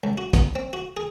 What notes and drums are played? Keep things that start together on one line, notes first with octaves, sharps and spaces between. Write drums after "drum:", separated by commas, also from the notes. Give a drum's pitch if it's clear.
C#2
F#4
B3, drum: kick, hi-hat
C4
F#4
G#4